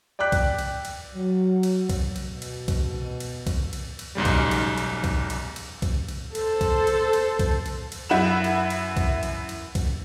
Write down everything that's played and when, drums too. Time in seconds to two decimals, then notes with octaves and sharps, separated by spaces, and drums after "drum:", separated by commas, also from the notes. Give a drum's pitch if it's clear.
0.19 D5 G5 D6 F#6 B6
0.32 drum: kick, cymbal
0.59 drum: cymbal
0.85 drum: cymbal
1.14 F#3
1.63 drum: cymbal
1.89 drum: kick, cymbal
2.16 drum: cymbal
2.29 B2
2.42 drum: cymbal
2.68 drum: kick, cymbal
3.20 drum: cymbal
3.47 drum: kick, cymbal
3.73 drum: cymbal
3.99 drum: cymbal
4.15 B1 G#2 C#3 G3
4.25 drum: kick, cymbal
4.51 drum: cymbal
4.78 drum: cymbal
5.04 drum: kick, cymbal
5.30 drum: cymbal
5.56 drum: cymbal
5.82 drum: kick, cymbal
6.08 drum: cymbal
6.35 A4 C5, drum: cymbal
6.61 drum: kick, cymbal
6.87 drum: cymbal
7.13 drum: cymbal
7.39 drum: kick, cymbal
7.66 drum: cymbal
7.92 drum: cymbal
8.09 F#2 E4 F#5 B5 E7
8.44 drum: cymbal
8.70 drum: cymbal
8.97 drum: kick, cymbal
9.23 drum: cymbal
9.49 drum: cymbal
9.75 drum: kick, cymbal